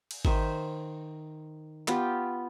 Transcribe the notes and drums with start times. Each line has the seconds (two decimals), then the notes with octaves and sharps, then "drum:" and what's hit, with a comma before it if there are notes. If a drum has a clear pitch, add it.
0.11 drum: cymbal
0.25 D#3 C5 E5, drum: kick G#1
1.88 B3 F4 G4, drum: clap